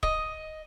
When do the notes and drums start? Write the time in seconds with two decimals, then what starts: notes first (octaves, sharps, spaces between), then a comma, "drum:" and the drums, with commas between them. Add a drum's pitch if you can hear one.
0.03 D#5, drum: kick C#1